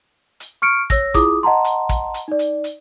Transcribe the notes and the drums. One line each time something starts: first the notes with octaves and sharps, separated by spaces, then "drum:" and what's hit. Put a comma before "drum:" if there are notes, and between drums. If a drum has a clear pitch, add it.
drum: hi-hat
C#6 F6 C#7 D7
C#5 E6 A#6, drum: kick, hi-hat
E4 F4 G#4 D6 D#6, drum: kick, hi-hat
D#5 F#5 A5 A#5 C6
drum: hi-hat
drum: kick, hi-hat
drum: hi-hat
D#4 D5
drum: hi-hat
drum: hi-hat